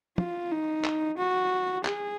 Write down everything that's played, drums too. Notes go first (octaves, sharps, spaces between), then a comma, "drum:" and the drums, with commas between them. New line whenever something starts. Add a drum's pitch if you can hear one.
F4, drum: tom
D#4
drum: clap
F#4
G#4, drum: clap